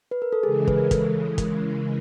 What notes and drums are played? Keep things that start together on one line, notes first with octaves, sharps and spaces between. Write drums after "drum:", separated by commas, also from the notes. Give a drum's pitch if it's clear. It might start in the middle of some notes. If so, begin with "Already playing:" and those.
B4
A#4
A4
C#3 E3 G#3 G#4
B4, drum: kick
A#4
A4, drum: kick, hi-hat
A#4, drum: kick, hi-hat